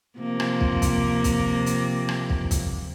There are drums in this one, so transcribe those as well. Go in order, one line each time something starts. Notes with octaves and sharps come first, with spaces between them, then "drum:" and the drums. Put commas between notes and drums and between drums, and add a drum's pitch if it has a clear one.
C3 F3 A#3
drum: rim click
drum: kick
drum: kick, hi-hat
drum: kick, hi-hat
drum: hi-hat
drum: rim click
drum: kick
drum: kick, hi-hat